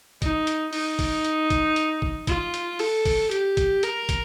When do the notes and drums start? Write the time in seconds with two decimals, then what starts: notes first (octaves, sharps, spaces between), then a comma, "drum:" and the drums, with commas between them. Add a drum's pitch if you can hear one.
0.22 D#4, drum: kick, hi-hat
0.47 drum: hi-hat
0.73 D#4, drum: open hi-hat
0.99 drum: kick, open hi-hat
1.25 drum: hi-hat
1.50 drum: kick, hi-hat
1.76 drum: hi-hat
2.02 drum: kick
2.27 F4, drum: kick, hi-hat
2.54 drum: hi-hat
2.79 A4, drum: open hi-hat
3.05 drum: kick, open hi-hat
3.31 G4, drum: hi-hat
3.57 drum: kick, hi-hat
3.83 A#4, drum: hi-hat
4.09 drum: kick, hi-hat